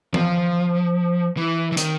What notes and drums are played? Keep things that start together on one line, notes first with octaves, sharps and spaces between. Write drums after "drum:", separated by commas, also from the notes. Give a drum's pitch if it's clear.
F3, drum: tom E3
E3
E3
D#3, drum: hi-hat